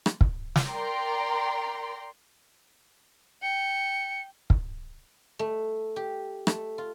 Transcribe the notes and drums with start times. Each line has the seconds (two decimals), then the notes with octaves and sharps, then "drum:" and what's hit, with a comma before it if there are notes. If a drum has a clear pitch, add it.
0.06 drum: rim click
0.21 drum: kick
0.56 drum: snare
0.67 A#4 D5 G5 A#5 C6
3.42 G5 C#7
4.50 drum: kick
5.39 A3
5.96 G4
6.47 A3, drum: rim click
6.78 F4